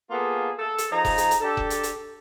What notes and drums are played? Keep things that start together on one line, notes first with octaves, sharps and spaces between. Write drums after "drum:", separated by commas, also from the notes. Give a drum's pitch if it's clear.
A#3 B3 F4 G#4 A4
A4
drum: hi-hat
F3 D#4 G#4 A#5
drum: kick F1, open hi-hat
drum: hi-hat
drum: hi-hat
D4 G4 A4
drum: kick F1
drum: hi-hat
drum: hi-hat